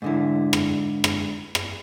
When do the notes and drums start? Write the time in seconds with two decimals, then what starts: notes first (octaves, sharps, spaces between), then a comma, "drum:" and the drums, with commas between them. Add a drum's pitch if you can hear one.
0.02 G#2 D3 E4
0.53 drum: rim click
1.04 drum: rim click
1.55 drum: rim click